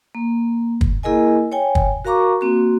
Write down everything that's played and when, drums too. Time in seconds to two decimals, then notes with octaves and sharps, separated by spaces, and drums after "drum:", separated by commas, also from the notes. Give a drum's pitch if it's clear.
0.15 A#3
0.81 drum: kick
1.03 A#3 E4 G#4 A#4 D#5 G#5
1.52 C#5 G5 G#5
1.75 drum: kick
2.05 F#4 A#4 F5 A#5 C#6 D6
2.41 A#3 C4 F#4